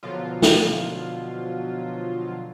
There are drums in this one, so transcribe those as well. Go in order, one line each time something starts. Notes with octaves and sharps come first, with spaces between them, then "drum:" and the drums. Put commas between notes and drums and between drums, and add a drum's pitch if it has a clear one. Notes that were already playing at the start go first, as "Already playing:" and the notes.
B2 D3 F3 F#3 F4
drum: snare